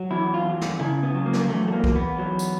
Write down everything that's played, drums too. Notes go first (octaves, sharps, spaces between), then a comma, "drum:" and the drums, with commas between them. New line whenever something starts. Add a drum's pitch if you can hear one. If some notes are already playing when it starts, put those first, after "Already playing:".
Already playing: F#3
E2 E4
F4
E2
drum: snare
C#3 E4
B3
F#3
A#3
B3, drum: snare
A#3
E2 A3
A3
A#3
E2, drum: kick B1
B3
F#3
drum: tambourine